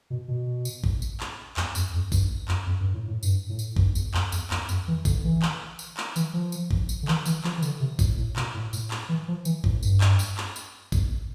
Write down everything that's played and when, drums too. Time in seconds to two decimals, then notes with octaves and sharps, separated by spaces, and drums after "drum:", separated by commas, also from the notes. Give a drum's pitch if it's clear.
0.10 B2
0.28 B2
0.65 drum: tambourine
0.84 drum: kick A1
1.02 drum: tambourine
1.20 drum: clap
1.57 E2, drum: clap
1.75 F2, drum: tambourine
1.94 F2
2.12 G2, drum: kick A1, tambourine
2.48 F2, drum: clap
2.66 F2
2.81 G2
2.94 A2
3.08 A2
3.23 G2, drum: tambourine
3.49 A2
3.59 drum: tambourine
3.76 G2, drum: kick A1
3.95 E2, drum: tambourine
4.14 F2, drum: clap
4.32 E2, drum: tambourine
4.51 E2, drum: clap
4.69 F2, drum: tambourine
4.88 E3
5.05 D3, drum: kick A1, tambourine
5.24 E3
5.42 drum: clap
5.79 drum: tambourine
5.97 drum: clap
6.16 E3, drum: tambourine
6.33 F3
6.52 drum: tambourine
6.71 drum: kick A1
6.89 drum: tambourine
7.03 D3
7.08 E3, drum: clap
7.26 E3, drum: tambourine
7.44 F3, drum: clap
7.58 E3
7.62 D3, drum: tambourine
7.80 C3
7.99 A2, drum: kick A1, tambourine
8.18 A2
8.36 B2, drum: clap
8.54 A2
8.73 A2, drum: tambourine
8.91 drum: clap
9.09 E3
9.28 F3
9.45 E3, drum: tambourine
9.64 A2, drum: kick A1
9.83 G2, drum: tambourine
10.01 drum: clap
10.19 drum: tambourine
10.37 drum: clap
10.56 drum: tambourine
10.92 E2, drum: kick A1, tambourine